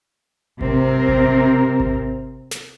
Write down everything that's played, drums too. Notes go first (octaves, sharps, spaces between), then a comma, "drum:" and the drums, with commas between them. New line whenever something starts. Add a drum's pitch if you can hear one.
C3 C4 A#4, drum: kick G#1
drum: kick G#1
drum: kick G#1
drum: snare